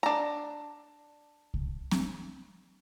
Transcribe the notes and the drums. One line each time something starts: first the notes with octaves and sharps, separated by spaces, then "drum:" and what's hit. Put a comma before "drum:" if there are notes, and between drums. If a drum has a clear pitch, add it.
D4 A#5
drum: kick C2
drum: snare C4